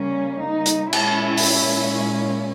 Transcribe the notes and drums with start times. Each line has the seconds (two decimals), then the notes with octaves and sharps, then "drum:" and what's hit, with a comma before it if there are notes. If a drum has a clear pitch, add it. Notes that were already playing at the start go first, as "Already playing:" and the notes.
Already playing: C#3 G3 A#3 C#4
0.43 D#4
0.66 drum: hi-hat
0.93 A#2 G#3 C#4 E4, drum: cymbal
1.37 drum: open hi-hat